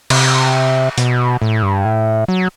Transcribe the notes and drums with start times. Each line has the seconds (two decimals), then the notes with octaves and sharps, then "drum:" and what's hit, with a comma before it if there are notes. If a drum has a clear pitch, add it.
0.10 C3, drum: cymbal
0.98 B2, drum: hi-hat
1.42 A2
1.63 G2
1.85 A2
2.28 F#3